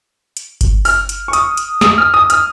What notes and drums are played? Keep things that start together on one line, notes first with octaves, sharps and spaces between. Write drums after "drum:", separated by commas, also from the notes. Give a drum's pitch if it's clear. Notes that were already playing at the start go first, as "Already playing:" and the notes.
drum: hi-hat
drum: kick G1, hi-hat
F6, drum: open hi-hat
drum: hi-hat
C#6
D#6, drum: hi-hat
drum: hi-hat
D#6, drum: snare
F6
D#6
F6, drum: hi-hat